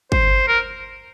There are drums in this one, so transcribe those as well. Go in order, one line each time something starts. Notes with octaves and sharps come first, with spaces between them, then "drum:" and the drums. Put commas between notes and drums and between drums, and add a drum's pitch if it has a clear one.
C5, drum: kick G1
A#4